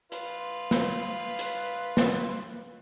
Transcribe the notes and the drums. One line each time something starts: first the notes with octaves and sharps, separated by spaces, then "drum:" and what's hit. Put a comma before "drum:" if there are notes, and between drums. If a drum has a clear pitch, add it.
F4 B4, drum: hi-hat
drum: snare
drum: hi-hat
drum: snare